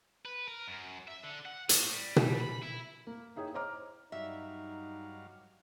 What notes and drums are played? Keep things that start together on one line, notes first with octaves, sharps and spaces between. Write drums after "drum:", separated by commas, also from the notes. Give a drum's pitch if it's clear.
B4
A#4
F#2
E5
D3
F#5
A2, drum: hi-hat
G3
G3, drum: tom B2
B5
E4
A#3
D#4 E4 G#4 C#5 G5
C5 C#5 D#5 A#5 D6 F6
G2 F#3 D#4 E5 F5